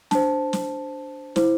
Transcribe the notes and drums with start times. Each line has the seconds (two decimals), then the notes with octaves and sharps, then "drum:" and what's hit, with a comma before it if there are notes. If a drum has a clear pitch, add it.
0.11 D4 C5 A5, drum: snare
0.53 drum: snare
1.36 E4 C5, drum: snare